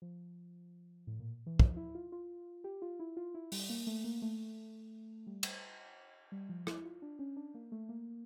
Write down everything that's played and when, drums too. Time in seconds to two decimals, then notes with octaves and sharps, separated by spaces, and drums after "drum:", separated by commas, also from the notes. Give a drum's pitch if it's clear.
0.02 F3
1.07 A2
1.20 A#2
1.46 E3
1.60 F3, drum: kick
1.77 E4
1.95 F4
2.12 F4
2.64 G4
2.82 F4
3.00 E4
3.17 F4
3.34 E4
3.52 G3, drum: open hi-hat
3.69 A#3
3.87 A3
4.04 A#3
4.22 A3
5.27 G3
5.43 drum: cymbal
6.32 G3
6.49 F3
6.67 E4, drum: rim click
6.84 F4
7.02 D4
7.19 C#4
7.36 D4
7.54 A#3
7.72 A3
7.89 A#3